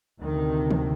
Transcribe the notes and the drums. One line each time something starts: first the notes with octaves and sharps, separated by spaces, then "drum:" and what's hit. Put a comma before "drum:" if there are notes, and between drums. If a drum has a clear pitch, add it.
D2 C3 D#3
drum: tom